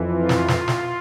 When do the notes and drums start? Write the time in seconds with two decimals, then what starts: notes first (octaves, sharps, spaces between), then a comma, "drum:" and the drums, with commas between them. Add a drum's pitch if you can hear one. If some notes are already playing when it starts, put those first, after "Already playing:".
Already playing: F2 E3
0.10 F4
0.29 drum: snare
0.48 drum: snare
0.68 drum: snare